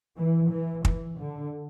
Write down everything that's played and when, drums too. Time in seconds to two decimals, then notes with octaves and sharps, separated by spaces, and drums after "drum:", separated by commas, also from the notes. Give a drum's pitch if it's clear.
0.18 E3
0.51 E3
0.85 E3, drum: kick
1.19 D3